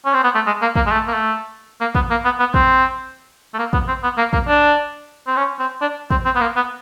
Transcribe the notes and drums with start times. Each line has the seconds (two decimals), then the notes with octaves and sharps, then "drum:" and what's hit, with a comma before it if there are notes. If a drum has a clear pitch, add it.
0.05 C#4
0.14 C4
0.24 B3
0.35 A3
0.46 G#3
0.62 A#3
0.76 A#3, drum: kick
0.86 G#3
0.91 A3
1.08 A#3
1.13 A3
1.81 A#3
1.95 B3, drum: kick
2.10 A#3
2.25 B3
2.40 B3
2.54 C4, drum: kick
3.54 A3
3.59 A#3
3.73 B3, drum: kick
3.88 C4
4.03 B3
4.18 A#3
4.33 A#3, drum: kick
4.48 D4
5.27 C4
5.37 C#4
5.59 C4
5.81 D4
6.11 C4, drum: kick
6.25 C4
6.35 B3
6.41 A#3
6.56 B3